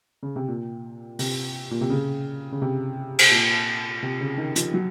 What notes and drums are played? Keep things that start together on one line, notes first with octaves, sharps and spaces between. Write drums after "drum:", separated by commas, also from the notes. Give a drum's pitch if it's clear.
C#3
C3
A#2
C3, drum: open hi-hat
A#2
C3
C#3
C#3
C3
drum: cymbal
A#2
C3
C#3
D#3
F3, drum: hi-hat
F#3